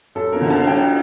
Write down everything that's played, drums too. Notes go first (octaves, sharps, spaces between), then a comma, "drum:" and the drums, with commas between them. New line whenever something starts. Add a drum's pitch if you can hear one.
F#2 A4
A#4, drum: cymbal
D3
A5
F#3 G5